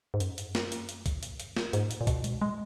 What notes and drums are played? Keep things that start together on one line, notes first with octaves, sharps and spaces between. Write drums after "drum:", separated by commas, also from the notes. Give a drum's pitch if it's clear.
G#2
F#2, drum: hi-hat
drum: hi-hat
drum: snare
drum: hi-hat
drum: hi-hat
drum: kick A#1, hi-hat
drum: hi-hat
drum: hi-hat
drum: snare
G#2, drum: hi-hat
A#2, drum: hi-hat
A#2
B2, drum: kick A#1, hi-hat
G#3, drum: hi-hat
G#3